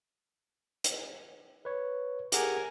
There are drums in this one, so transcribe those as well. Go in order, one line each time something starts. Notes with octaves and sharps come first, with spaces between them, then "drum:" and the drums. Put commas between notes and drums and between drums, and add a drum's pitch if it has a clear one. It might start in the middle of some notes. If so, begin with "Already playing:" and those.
drum: hi-hat
B4 C#5
G4 G#4 A#4 F#5 G#5, drum: hi-hat